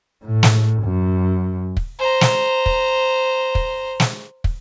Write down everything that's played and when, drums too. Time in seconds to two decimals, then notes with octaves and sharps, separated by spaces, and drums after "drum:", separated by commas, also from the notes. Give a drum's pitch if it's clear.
0.24 A2
0.43 drum: snare
0.83 F#2
1.77 drum: kick
1.99 C5 A#5
2.21 drum: snare
2.66 drum: kick
3.55 drum: kick
4.00 drum: snare
4.44 drum: kick